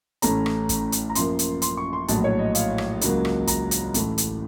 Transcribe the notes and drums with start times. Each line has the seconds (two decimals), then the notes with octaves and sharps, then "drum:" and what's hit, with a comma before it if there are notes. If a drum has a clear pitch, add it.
0.22 A1 A2 A3 C#4 A#5, drum: hi-hat
0.46 drum: rim click
0.69 drum: kick, hi-hat
0.92 drum: hi-hat
1.10 A#5
1.15 F#2 F3 A#3 C6, drum: hi-hat
1.39 drum: hi-hat
1.62 C6, drum: hi-hat
1.77 C#6
1.93 C6
2.08 A#1 A2 F#3 A5, drum: hi-hat
2.24 C#5
2.39 D#5
2.55 F5, drum: hi-hat
2.78 drum: rim click
3.01 C#2 C#3 F#3 A#3, drum: hi-hat
3.25 drum: rim click
3.47 A#5, drum: kick, hi-hat
3.71 drum: hi-hat
3.94 A1 A2 A3, drum: hi-hat
4.18 drum: hi-hat